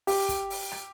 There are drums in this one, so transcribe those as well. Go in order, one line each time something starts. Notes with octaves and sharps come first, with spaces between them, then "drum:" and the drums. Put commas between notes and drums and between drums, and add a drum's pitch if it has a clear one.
G4, drum: open hi-hat
drum: kick, hi-hat
drum: open hi-hat
drum: rim click